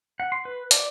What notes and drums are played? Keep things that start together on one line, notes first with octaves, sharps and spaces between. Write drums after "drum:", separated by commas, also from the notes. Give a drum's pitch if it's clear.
F#5
C6
B4
D5, drum: hi-hat